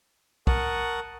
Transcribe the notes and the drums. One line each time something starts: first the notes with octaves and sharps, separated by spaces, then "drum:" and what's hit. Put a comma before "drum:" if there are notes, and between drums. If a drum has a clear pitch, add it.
A#4 F#5 A5 C#6 D#6, drum: kick